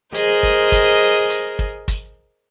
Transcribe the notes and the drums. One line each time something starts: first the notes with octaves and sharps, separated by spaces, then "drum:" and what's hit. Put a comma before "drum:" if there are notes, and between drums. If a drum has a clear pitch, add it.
G#4 A#4 C5 D#5, drum: hi-hat
drum: kick
drum: kick, hi-hat
drum: hi-hat
drum: kick
drum: kick, hi-hat